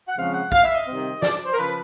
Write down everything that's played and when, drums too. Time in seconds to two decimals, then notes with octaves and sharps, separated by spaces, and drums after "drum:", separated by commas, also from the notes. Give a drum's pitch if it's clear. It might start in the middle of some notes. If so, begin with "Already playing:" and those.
0.08 F#5
0.17 F2 C#3 F3 G#3 C4 F5
0.34 F#5
0.52 F5, drum: kick
0.64 E5
0.75 D#5
0.87 C3 D#3 G3 C4
1.22 D5, drum: snare
1.46 C5
1.52 A#4
1.57 C#3 F3 B4